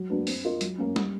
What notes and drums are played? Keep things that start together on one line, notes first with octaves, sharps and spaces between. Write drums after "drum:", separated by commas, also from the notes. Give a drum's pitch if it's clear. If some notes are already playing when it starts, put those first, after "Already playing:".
Already playing: F#3
A#3 D4 F#4 B4
C4, drum: open hi-hat
F4 A#4 D#5
F#3, drum: hi-hat
A#3 C#4
G3, drum: snare